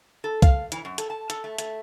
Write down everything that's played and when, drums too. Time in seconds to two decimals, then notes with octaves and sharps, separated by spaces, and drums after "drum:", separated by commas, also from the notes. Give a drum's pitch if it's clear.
0.24 A4
0.42 F5, drum: kick C2, hi-hat
0.72 E3, drum: hi-hat
0.85 F#2
0.98 A4, drum: hi-hat
1.10 A5
1.30 A4, drum: hi-hat
1.44 A3
1.58 A3, drum: hi-hat